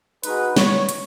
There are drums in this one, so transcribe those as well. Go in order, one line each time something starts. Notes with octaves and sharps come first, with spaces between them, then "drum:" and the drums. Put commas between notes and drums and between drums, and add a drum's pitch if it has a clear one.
G#3 D#4 F#4 B4, drum: hi-hat
C#5, drum: snare
drum: hi-hat